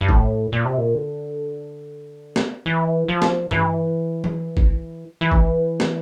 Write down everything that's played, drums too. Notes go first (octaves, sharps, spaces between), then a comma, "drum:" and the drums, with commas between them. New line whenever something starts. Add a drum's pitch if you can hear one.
G2
A2, drum: kick
A#2
C3
A#2
D3
drum: snare
E3
F3
drum: snare
E3, drum: tom G2
drum: tom E3
drum: kick
E3
drum: kick
drum: snare